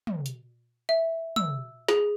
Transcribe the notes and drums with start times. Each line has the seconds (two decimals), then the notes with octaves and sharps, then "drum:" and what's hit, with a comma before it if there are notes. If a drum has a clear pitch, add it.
0.07 drum: tom
0.26 drum: hi-hat
0.89 E5
1.36 E6, drum: tom
1.88 G#4, drum: snare